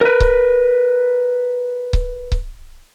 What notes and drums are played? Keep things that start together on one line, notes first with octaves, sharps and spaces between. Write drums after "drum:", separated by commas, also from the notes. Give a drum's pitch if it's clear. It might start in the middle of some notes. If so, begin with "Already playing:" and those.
A#4 B4
drum: kick C#1
drum: kick C#1
drum: kick C#1